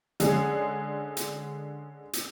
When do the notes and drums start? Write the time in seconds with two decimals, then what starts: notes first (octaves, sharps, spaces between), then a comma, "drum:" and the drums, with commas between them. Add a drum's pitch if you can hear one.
0.20 D3 G#3 C#4 G#4, drum: hi-hat
1.17 drum: hi-hat
2.13 drum: hi-hat